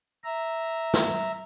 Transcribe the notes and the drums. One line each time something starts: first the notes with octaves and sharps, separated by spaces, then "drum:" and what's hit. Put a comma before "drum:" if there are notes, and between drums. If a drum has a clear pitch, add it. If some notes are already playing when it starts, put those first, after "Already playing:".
E5 A#5
drum: snare